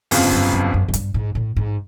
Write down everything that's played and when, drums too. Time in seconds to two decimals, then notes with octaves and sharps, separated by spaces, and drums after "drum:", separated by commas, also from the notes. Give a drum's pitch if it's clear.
0.11 G1 F2 C#3 F3, drum: open hi-hat
0.32 F#2
0.53 F#2
0.74 F#2
0.88 F#2
0.94 G2, drum: hi-hat
1.14 G#2
1.35 A2
1.56 G#2